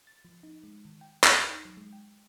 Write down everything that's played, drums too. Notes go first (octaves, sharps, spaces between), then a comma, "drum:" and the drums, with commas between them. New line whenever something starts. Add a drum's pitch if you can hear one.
A6
F3
D#4
G#3
D#3
G5
D2, drum: clap
D#4
F#3
G#3
G5